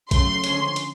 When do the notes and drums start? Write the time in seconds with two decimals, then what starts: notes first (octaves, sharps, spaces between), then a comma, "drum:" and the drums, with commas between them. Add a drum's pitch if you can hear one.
0.11 C#3 F#3 A3 C6, drum: kick, hi-hat
0.44 D3 F3 G#3 C#4, drum: hi-hat
0.76 drum: hi-hat